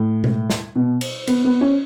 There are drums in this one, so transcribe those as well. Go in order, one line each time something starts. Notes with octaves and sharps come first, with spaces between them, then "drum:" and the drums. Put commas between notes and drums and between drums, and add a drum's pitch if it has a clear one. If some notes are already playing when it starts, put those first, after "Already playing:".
Already playing: A2
drum: tom B2
drum: snare
B2
drum: cymbal
B3, drum: cymbal
B3
C#4